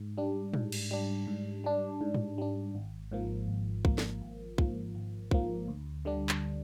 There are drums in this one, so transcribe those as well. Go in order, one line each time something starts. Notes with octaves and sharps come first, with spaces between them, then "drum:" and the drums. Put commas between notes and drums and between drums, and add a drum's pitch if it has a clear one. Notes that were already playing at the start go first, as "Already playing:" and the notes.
Already playing: G#2
G3 D4
G#2, drum: tom A2
drum: cymbal
G3 D4
G#2
G3 D4
G#2
drum: tom G#2
G3 D4
G#1
G#2 F3 A#3
G#1
G#2 F3 A#3, drum: kick
drum: snare
G#1
G#2 F3 A#3, drum: kick
G#1
G#2 F3 A#3, drum: kick
D2
D3 G3 D4
drum: clap